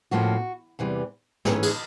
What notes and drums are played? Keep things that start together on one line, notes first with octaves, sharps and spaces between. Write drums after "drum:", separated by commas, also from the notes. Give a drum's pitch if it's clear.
A2 F3 A#3 C#4 F#4
E2 C3 E3 G3
G#2 E3 A3 C#4 G#4, drum: snare
G#4, drum: cymbal